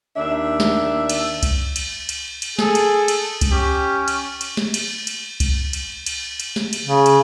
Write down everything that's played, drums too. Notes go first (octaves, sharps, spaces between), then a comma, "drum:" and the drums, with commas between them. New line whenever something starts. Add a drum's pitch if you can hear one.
D#2 D4 E5
drum: snare
drum: cymbal
drum: kick C2, cymbal
drum: cymbal
drum: cymbal
drum: cymbal
G#4 A4, drum: snare
drum: cymbal
drum: cymbal
drum: kick C2, cymbal
C#4 G4
drum: cymbal
drum: cymbal
drum: snare
drum: cymbal
drum: cymbal
drum: kick C2, cymbal
drum: cymbal
drum: cymbal
drum: cymbal
drum: snare
drum: cymbal
C#3
drum: cymbal